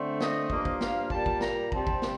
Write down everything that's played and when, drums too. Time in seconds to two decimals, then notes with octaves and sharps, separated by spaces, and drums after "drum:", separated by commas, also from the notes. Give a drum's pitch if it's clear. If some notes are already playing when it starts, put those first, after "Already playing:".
Already playing: D3 A3 C4
0.20 D#5, drum: snare
0.50 G2 F3 A#3, drum: kick
0.65 drum: kick
0.81 F5, drum: snare
1.10 A#2 G3 A#3 A5, drum: kick
1.26 drum: kick
1.41 A#5, drum: snare
1.72 C3 G3 C4 A5, drum: kick
1.87 drum: kick
2.02 drum: snare